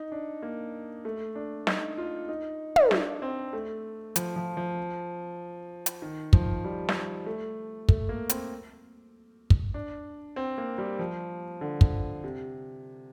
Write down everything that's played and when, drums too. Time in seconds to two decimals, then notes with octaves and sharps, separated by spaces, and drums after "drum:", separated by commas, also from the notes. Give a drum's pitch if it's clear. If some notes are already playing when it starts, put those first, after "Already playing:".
Already playing: D#4
0.12 D4
0.42 A#3
1.05 A3
1.35 D4
1.67 D#4, drum: snare
1.98 F4
2.29 D#4
2.76 drum: tom
2.91 D4, drum: snare
3.22 C4
3.53 A3
4.16 F3, drum: hi-hat
4.36 F3
4.57 F3
5.86 drum: hi-hat
6.02 D#3
6.33 F3, drum: kick
6.64 G3
6.89 drum: snare
7.26 A3
7.89 A3, drum: kick
8.09 A#3
8.29 C4, drum: hi-hat
9.50 drum: kick
9.74 D4
10.36 C4
10.58 A#3
10.78 G3
10.99 F3
11.61 D3
11.81 drum: kick
12.24 C3